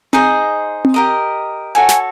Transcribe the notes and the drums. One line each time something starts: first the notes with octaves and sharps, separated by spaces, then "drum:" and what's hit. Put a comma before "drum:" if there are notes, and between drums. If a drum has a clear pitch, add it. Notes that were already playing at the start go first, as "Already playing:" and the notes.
D#4 G#4 C5 D#5, drum: tom C4
drum: tom C4
G4 A#4 D#5
F#4 A4 C#5 G#5
drum: snare